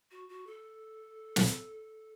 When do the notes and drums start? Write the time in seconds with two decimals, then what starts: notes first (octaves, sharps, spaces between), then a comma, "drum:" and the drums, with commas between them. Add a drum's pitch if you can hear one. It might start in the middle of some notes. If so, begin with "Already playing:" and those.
0.11 F#4
0.29 F#4
0.47 A4
1.36 drum: snare